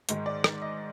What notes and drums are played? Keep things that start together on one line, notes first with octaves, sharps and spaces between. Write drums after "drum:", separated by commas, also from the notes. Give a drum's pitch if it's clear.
G#2 D#3 G#3, drum: hi-hat
D5
drum: rim click
D#5